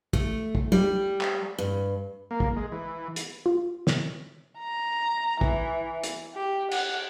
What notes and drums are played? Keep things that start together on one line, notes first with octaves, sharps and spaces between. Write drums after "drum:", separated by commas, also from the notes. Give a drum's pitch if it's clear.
A3, drum: kick
drum: kick
G3, drum: tom
drum: clap
G2
A#3
drum: kick
G#3
E3
drum: hi-hat
F4
drum: snare
A#5
E3, drum: kick
drum: hi-hat
G4
F#5, drum: cymbal